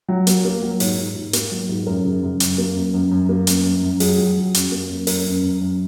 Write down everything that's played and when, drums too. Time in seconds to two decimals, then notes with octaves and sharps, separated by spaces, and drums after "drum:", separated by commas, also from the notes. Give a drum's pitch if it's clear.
0.09 F#3
0.27 A#3, drum: hi-hat
0.45 A#3
0.62 F#3
0.80 G#2 C#5, drum: open hi-hat
0.98 G#2
1.16 G#2
1.33 A#3, drum: hi-hat
1.52 F#3
1.69 G#2
1.87 F#2 A#4
2.05 C#3
2.23 F#2
2.40 F#2, drum: hi-hat
2.58 A#3
2.75 F#2
2.94 F#2
3.11 F#2
3.29 A#3
3.47 F#2, drum: hi-hat
3.65 F#2
3.83 F#2
4.00 F#3 G#4, drum: open hi-hat
4.18 F#3
4.37 F#3
4.54 F#2, drum: hi-hat
4.72 A#3
4.90 F#2
5.07 F#2 A#4, drum: open hi-hat
5.25 F#2
5.43 F#2
5.60 F#2